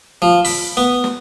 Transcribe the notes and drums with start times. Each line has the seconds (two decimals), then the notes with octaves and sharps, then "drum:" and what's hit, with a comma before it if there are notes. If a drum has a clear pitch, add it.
0.22 F3
0.45 B5, drum: open hi-hat
0.77 B3
1.04 drum: snare